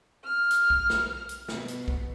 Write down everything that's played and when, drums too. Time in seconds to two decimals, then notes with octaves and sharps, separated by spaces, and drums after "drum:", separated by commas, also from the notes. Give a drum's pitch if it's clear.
0.24 F6
0.51 drum: hi-hat
0.70 drum: kick
0.90 drum: snare
1.29 drum: hi-hat
1.49 B2, drum: snare
1.68 drum: hi-hat
1.88 drum: kick